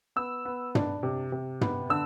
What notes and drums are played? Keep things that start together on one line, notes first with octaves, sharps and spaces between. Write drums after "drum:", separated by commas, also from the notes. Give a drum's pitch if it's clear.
B3 E6
B3
D4, drum: tom
C3
C3
B3, drum: tom
D3 E6